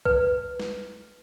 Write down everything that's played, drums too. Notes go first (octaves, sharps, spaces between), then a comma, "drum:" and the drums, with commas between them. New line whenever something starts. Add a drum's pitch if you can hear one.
B4, drum: kick B1
drum: snare